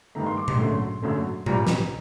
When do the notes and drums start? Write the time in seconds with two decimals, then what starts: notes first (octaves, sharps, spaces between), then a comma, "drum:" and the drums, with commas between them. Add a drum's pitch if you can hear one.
0.15 G2 D#3 A3 A#5
0.26 C6
0.37 D6
0.48 C6, drum: tom A#2
0.59 F#2 D3 F#3 A3 C6
1.02 F#2 D3 F#3 A3
1.46 A#2 G3 A#5, drum: tom A#2
1.67 drum: snare